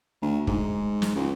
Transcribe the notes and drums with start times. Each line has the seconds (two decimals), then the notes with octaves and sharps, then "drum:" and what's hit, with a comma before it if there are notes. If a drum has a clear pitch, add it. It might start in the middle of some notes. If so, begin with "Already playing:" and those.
0.22 D2
0.47 G#2, drum: kick
1.02 drum: snare
1.16 C#2